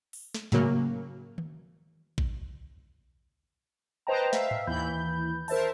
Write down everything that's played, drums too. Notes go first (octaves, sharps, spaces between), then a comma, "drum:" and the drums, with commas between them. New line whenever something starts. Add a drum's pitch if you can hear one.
drum: open hi-hat
drum: snare
A2 C#3 F#3 A#3, drum: snare
drum: tom D#3
drum: kick A1
B4 C5 D#5 G5 A5 A#5
E5 F5, drum: snare
drum: tom G#2
D#2 E3 B5 G6
A#4 C5 E5 A5, drum: open hi-hat